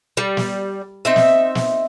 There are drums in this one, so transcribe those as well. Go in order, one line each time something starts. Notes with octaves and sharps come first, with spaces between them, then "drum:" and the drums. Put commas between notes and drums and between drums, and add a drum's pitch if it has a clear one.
G3
drum: snare
C4 D#4 E5
drum: snare
drum: snare